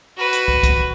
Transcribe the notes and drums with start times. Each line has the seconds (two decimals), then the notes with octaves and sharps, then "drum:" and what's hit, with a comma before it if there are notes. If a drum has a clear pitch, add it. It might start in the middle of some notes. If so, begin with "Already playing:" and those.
0.18 F#4 B4
0.33 drum: hi-hat
0.48 drum: kick
0.63 drum: kick, hi-hat